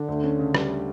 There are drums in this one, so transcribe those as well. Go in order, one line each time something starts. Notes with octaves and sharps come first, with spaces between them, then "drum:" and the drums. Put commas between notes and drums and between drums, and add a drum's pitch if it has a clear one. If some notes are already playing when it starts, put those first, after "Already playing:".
Already playing: D3 D4
D2
C#4
C#3
G3, drum: rim click